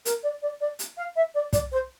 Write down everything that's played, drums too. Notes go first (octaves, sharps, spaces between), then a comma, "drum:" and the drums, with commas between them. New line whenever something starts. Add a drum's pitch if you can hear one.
A#4, drum: hi-hat
D5
D5
D5
drum: hi-hat
F5
E5
D5
D5, drum: kick, hi-hat
C5